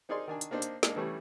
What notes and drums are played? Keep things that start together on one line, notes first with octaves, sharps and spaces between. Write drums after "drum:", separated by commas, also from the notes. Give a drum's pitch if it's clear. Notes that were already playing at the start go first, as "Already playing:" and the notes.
C4 D#4 G#4 A#4 D5 C6
D#3 D4 G#5
drum: hi-hat
A#3 C4 D4 D#4 C5
drum: hi-hat
G#3 A#3 D4 D#4, drum: snare
E3 G3 A3 C#4